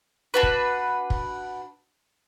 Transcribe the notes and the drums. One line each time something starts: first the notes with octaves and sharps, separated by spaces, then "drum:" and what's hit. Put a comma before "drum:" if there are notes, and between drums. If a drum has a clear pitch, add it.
D4 F#4 B4
drum: kick
drum: kick